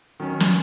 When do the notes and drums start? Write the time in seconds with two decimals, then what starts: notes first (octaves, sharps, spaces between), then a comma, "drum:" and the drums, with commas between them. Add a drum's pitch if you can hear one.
0.20 D#3 F#3 C#4
0.40 drum: snare